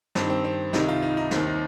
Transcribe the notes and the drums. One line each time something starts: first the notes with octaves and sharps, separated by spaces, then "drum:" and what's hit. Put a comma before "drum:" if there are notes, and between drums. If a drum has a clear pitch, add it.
G2 D#3 C4, drum: snare
C4
C4
C2 C3 D#3 D#4, drum: snare
F4
D#4
D#4
D#2 D#3 C4, drum: snare
D#4